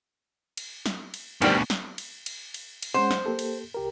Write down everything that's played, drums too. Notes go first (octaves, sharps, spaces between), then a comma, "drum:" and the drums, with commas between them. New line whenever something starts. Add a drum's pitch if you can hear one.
drum: cymbal
drum: snare
drum: cymbal
D2 B2 D#3 G3 C4, drum: cymbal
drum: snare
drum: cymbal
drum: cymbal
drum: cymbal
drum: cymbal
G#3 C#4 C5 F#5
drum: snare
A#3 G4 A4
drum: cymbal
C2 G4 A#4